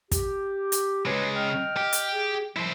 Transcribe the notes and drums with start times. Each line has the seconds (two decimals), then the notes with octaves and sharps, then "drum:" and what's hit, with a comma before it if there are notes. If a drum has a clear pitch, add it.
0.12 G4, drum: kick, hi-hat
0.72 drum: hi-hat
1.06 C#3 G#3 G4 B4 C#5
1.36 D#5 G5 F6
1.77 G4
1.93 drum: hi-hat
2.13 G#4
2.57 F3 E4 C5